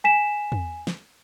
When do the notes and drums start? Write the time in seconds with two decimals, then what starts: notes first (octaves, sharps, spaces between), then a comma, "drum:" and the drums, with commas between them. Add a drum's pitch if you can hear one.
0.04 G#5 B6 E7
0.52 drum: tom
0.87 drum: snare